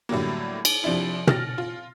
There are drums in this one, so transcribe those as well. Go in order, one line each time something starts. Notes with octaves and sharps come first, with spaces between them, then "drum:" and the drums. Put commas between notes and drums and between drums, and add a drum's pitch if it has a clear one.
A2 D3 F#3 G3 A#3
drum: cymbal
C3 F3 D4 E4
F6 A6 A#6, drum: tom
F4